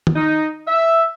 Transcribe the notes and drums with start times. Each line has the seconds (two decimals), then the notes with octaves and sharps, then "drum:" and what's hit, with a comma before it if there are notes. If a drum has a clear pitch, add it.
0.07 drum: tom D#3
0.16 D#4
0.67 E5